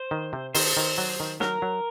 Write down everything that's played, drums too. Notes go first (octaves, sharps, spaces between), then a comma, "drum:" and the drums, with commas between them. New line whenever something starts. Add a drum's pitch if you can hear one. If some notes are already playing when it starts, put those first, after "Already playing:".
Already playing: C5
D#3
C3
D#3 C5, drum: open hi-hat
D#3
F#3
D#3
F#3 A#4, drum: snare
F#3